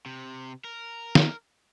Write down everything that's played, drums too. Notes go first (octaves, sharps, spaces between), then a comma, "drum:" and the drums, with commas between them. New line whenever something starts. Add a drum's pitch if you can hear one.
C3
A#4
drum: snare